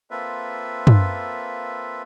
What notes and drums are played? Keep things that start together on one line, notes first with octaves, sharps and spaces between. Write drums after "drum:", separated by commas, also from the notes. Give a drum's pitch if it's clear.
A#3 C4 F4 A4 B4 E5
drum: tom